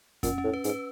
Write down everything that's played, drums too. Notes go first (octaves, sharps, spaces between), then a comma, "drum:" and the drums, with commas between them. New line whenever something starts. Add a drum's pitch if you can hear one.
A#2 C#4, drum: kick F2, hi-hat
C#4
A2
B4
G#2, drum: hi-hat
B4